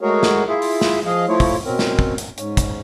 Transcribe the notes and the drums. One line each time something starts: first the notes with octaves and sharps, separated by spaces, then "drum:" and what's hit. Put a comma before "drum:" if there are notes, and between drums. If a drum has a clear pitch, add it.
G#3 A3 F#4 G#4 A#4 C#5
drum: snare
E4 F4 G#4 E5
drum: open hi-hat
drum: snare
F3 G#4 D#5 F5
F3 A3 E4 F4 C#5
drum: kick, open hi-hat
B2 C4 C#4 A#4
drum: snare
drum: kick
drum: hi-hat
G#2 C#4, drum: hi-hat
drum: kick, hi-hat